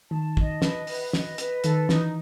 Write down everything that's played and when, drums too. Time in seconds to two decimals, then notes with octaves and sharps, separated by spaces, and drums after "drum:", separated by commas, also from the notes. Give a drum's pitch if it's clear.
0.11 D#3 A5
0.37 D#5, drum: kick
0.62 B4, drum: snare
0.87 B4, drum: open hi-hat
1.13 D#5, drum: snare
1.38 B4, drum: hi-hat
1.64 D#3 A4, drum: hi-hat
1.89 E3 D#4, drum: snare